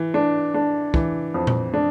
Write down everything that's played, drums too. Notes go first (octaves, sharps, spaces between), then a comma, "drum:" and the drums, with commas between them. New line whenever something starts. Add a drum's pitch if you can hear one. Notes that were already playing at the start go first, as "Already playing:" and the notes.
Already playing: E3
D4
D4
E3, drum: kick
F2
drum: tom A#2
D4